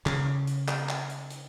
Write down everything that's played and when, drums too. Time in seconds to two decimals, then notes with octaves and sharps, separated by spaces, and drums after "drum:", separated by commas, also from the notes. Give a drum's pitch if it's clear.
0.06 C#3, drum: clap
0.47 drum: hi-hat
0.68 drum: clap
0.89 drum: clap
1.10 drum: hi-hat
1.31 drum: hi-hat